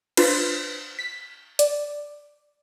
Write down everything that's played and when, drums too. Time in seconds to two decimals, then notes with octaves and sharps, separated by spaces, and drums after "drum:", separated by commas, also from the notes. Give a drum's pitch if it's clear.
0.17 D4 F4 B4 C5, drum: cymbal
0.99 B6
1.59 D5, drum: hi-hat